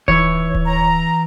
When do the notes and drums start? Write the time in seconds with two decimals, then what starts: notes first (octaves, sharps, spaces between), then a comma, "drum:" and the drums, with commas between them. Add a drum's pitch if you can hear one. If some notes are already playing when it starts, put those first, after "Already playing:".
0.08 E3 E4 C#5, drum: kick D1
0.55 drum: kick D1
0.65 A#5